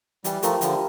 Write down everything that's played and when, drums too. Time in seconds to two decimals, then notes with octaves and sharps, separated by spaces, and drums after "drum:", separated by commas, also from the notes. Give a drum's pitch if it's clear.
0.24 E3 G3 G4, drum: hi-hat
0.43 F3 A3 A#4, drum: hi-hat
0.61 D3 F3 E4, drum: hi-hat